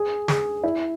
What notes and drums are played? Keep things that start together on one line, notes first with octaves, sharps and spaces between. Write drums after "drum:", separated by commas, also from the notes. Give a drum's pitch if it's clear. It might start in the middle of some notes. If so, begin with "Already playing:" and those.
Already playing: G#4
G#4, drum: snare
E4